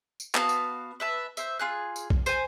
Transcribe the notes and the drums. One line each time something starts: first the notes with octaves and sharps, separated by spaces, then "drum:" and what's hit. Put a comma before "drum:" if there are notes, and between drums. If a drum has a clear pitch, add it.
drum: tambourine
B3 F#4 F5 A5, drum: clap
drum: tambourine
B4 E5 A5
C5 E5, drum: tambourine
F4 G#4 F#6
drum: tambourine
drum: kick
C5 G#5, drum: tambourine